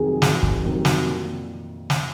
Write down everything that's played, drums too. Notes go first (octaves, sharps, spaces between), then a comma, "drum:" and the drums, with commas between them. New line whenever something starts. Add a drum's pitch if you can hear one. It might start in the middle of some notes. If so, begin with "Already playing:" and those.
Already playing: F2 C3 D#3 F#3 G#4
F2, drum: snare
drum: kick
C3 D#3 F#3
drum: snare
A#2
drum: snare